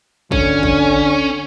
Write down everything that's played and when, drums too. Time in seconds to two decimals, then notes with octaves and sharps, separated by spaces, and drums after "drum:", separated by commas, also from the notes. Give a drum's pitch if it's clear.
0.32 D3 C#4, drum: kick
0.63 drum: kick